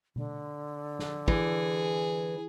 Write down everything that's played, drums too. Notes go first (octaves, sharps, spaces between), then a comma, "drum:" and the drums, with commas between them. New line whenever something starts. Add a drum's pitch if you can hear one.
D3, drum: tom B2
drum: snare
E3 G#4, drum: kick